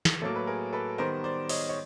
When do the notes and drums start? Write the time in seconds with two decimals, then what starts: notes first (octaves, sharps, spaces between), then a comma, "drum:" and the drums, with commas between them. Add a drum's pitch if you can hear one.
0.05 drum: snare
0.22 A2 F#3 A#3 A4
0.36 B4
0.47 G#4 A#4
0.73 A4 B4
0.98 D#3 G3 B3 A#4 C5
1.24 C5 D5
1.49 C#5 D#5, drum: open hi-hat
1.69 C#5